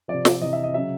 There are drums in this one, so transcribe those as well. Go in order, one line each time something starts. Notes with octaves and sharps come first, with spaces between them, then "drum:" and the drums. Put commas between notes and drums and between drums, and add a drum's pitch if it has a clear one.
C3 F3 D5
D5, drum: snare
C3 E3 D#5
E5
D#5
C#3 F#3 E5